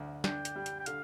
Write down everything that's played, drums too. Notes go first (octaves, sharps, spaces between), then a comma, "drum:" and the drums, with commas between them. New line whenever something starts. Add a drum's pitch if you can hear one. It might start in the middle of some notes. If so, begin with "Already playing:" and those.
Already playing: D2 D3
D4 G5, drum: snare
drum: hi-hat
G3
drum: hi-hat
G5
D3 F5, drum: hi-hat